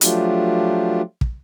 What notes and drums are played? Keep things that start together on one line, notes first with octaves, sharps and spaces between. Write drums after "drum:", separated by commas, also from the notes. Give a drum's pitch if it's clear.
F3 F#3 A3 D4 F4 G4, drum: hi-hat
drum: kick